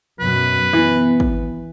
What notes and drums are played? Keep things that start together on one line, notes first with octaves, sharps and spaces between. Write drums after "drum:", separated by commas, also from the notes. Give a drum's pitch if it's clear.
F#2 B2 B4
E3 B3
drum: kick